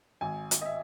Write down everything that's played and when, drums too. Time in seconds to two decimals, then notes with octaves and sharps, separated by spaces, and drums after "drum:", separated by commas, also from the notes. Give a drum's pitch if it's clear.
0.21 G#1 G#5
0.51 drum: hi-hat
0.61 D#5
0.66 E5